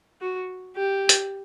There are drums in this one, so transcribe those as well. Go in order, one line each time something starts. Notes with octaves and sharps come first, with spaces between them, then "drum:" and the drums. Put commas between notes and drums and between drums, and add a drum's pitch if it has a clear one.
F#4
G4
drum: hi-hat